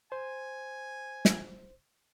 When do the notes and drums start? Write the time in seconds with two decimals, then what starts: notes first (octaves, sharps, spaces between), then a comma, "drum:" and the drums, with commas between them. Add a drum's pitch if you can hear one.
0.12 C5 G#5
1.25 drum: snare